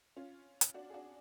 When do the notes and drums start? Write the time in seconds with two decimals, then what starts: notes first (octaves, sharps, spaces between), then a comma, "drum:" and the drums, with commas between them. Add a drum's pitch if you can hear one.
0.17 C#4 F4
0.61 drum: hi-hat
0.74 D4 F#4
0.90 G#4
0.94 D4 F#4